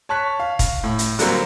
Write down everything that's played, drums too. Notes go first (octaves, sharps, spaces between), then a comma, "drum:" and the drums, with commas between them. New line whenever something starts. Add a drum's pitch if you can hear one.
C#5 A5 C#6 F#6 B6
F5
drum: kick E1, hi-hat
A2
drum: hi-hat
D3 F#3 G3 A#3 C4, drum: hi-hat